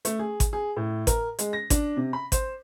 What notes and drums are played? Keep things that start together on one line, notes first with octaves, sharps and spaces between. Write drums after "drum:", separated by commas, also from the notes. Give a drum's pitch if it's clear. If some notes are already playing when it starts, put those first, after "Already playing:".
A3, drum: hi-hat
G#4
drum: kick G#1, hi-hat
G#4
A2
A#4, drum: kick G#1, hi-hat
G#3, drum: hi-hat
A#6
D4, drum: kick G#1, hi-hat
C3
B5
C5, drum: kick G#1, hi-hat